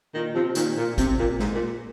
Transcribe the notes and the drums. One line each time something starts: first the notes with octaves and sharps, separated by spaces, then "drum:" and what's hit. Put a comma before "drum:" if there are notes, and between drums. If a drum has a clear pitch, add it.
A#2 D#3
C3 F3
A#2 D#3, drum: hi-hat
A#2
C3, drum: kick A1, hi-hat
A#2
G#2, drum: snare
A#2